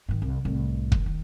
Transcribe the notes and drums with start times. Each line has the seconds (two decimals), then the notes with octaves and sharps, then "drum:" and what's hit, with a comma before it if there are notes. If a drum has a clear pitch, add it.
0.09 G#2 D#3
0.22 C2
0.45 C2 A2
0.92 D#2, drum: kick
1.06 D#3